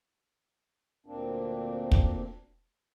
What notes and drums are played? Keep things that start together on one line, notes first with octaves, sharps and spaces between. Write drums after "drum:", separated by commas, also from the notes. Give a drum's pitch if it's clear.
D2 A#2 A#3 C4 D4
drum: kick